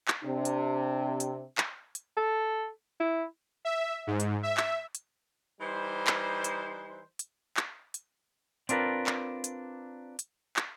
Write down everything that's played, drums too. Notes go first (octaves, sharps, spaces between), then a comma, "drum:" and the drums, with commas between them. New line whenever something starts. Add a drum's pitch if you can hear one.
drum: clap
C3 D4
drum: hi-hat
drum: hi-hat
drum: clap
drum: hi-hat
A4
E4
E5
G#2
drum: hi-hat
E5
drum: clap
drum: hi-hat
E3 G3 D#4 C5
drum: clap
drum: hi-hat
drum: hi-hat
drum: clap
drum: hi-hat
C4 D4 F4 A#4 B4, drum: hi-hat
drum: clap
drum: hi-hat
drum: hi-hat
drum: clap